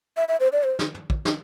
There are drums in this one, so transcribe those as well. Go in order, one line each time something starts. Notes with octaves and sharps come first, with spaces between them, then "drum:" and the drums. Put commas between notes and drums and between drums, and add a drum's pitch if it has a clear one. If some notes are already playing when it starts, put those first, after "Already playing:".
E5
E5
C5
D5
C5
drum: snare
drum: tom
drum: kick
drum: snare